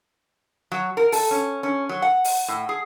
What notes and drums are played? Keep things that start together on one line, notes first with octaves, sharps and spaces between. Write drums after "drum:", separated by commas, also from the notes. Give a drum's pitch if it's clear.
F#3
A#4
A4, drum: open hi-hat
C#4
C#4
F#3
F#5
drum: open hi-hat
A2
G#4